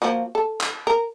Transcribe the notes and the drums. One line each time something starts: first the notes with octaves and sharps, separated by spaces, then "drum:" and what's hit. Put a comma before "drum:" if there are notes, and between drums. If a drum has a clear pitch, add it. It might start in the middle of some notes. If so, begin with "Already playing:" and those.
F3 A#3 F#4
A4
drum: clap
A#4